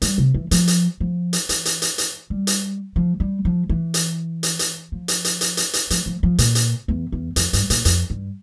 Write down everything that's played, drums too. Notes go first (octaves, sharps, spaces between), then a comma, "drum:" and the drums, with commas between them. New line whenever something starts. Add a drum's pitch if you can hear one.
G3, drum: hi-hat
C3
E3
F3, drum: hi-hat
drum: hi-hat
F3
drum: hi-hat
E3, drum: hi-hat
drum: hi-hat
drum: hi-hat
drum: hi-hat
G3
drum: hi-hat
F3
G3
F3
E3
drum: hi-hat
drum: hi-hat
drum: hi-hat
F3
drum: hi-hat
drum: hi-hat
drum: hi-hat
drum: hi-hat
drum: hi-hat
F3, drum: hi-hat
F3
F3
A#2, drum: hi-hat
drum: hi-hat
E2
E2
F2, drum: hi-hat
G2, drum: hi-hat
A#2, drum: hi-hat
F2, drum: hi-hat
G2